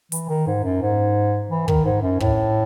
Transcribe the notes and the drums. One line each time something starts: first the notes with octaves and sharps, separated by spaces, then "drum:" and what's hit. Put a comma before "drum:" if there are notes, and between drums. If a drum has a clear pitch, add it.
E3, drum: hi-hat
D#3
G#2
F#2
G#2
E3
D#3, drum: kick
G#2
F#2
A2, drum: kick